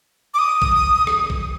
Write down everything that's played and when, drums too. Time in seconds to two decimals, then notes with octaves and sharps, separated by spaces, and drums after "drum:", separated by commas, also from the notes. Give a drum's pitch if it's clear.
0.34 D6
0.39 D#6
0.62 drum: kick A#1
1.07 drum: rim click
1.30 drum: kick A#1